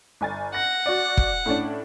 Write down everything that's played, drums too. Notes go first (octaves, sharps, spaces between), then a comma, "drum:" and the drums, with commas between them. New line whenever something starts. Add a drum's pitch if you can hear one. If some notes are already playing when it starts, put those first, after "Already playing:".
G1 G#5 A6
F#5 A#6
F#4 D5
drum: kick
A2 C#4 D4